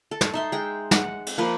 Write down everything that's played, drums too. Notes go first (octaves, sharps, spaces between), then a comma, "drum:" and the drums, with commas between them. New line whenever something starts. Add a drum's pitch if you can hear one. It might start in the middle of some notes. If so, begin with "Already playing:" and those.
A4
drum: snare
D#4 E5 C6
G#3 G5
F#5, drum: snare
drum: cymbal
F3 A#3 B4